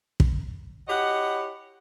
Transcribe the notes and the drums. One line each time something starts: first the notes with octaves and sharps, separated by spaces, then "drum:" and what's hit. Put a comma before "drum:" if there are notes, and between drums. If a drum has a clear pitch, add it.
drum: kick
E4 F#4 G4 C#5 D#5 F#5